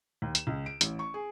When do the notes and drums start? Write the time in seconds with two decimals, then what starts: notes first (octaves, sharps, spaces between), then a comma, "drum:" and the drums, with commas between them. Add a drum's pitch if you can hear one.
0.22 D#2
0.35 E7, drum: hi-hat
0.47 C#2
0.66 D7
0.81 A1, drum: hi-hat
0.99 C#6
1.14 G#4